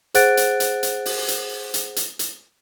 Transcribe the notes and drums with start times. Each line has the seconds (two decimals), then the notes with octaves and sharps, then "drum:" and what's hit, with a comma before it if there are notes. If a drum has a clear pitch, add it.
0.15 G#4 C5 F#5 F#6 A6 D7, drum: hi-hat
0.37 drum: hi-hat
0.60 drum: hi-hat
0.83 drum: hi-hat
1.05 drum: open hi-hat
1.28 drum: hi-hat
1.74 drum: hi-hat
1.96 drum: hi-hat
2.19 drum: hi-hat